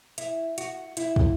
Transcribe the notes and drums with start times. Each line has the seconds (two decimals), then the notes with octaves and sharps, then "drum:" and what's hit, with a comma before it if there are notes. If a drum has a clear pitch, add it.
0.18 E4, drum: hi-hat
0.58 F#4, drum: hi-hat
0.97 E4, drum: hi-hat
1.16 drum: kick